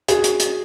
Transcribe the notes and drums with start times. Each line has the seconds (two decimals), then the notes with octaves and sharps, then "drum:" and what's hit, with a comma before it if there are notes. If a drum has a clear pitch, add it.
0.08 F#4 G#4, drum: hi-hat
0.24 drum: hi-hat
0.40 drum: hi-hat